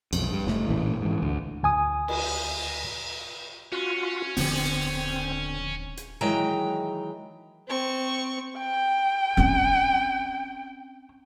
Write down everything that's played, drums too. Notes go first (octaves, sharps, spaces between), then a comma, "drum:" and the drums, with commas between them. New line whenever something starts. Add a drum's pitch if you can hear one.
B1 F2, drum: cymbal
G2
F1 A3, drum: snare
A1 A#2 D3 E3
G#2 E3
D2
D2 G#5 D#6
drum: cymbal
C#4 F4 F#4
D#1 D3 F3 B3 C4, drum: open hi-hat
drum: hi-hat
D#3 E3 F#3 G#3 G5 A#5
C4 C#6
G5
C4 C#4, drum: rim click